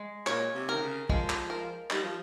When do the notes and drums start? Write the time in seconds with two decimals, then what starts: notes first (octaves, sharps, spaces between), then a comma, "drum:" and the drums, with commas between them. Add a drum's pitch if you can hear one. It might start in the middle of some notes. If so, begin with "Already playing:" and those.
Already playing: G#3
0.27 A#2 C#5, drum: clap
0.55 C3
0.69 A#4
0.75 D#3
0.82 C#3
1.09 F3 G#3, drum: kick
1.30 drum: clap
1.50 A#4
1.90 G3 D#4, drum: clap
2.03 F3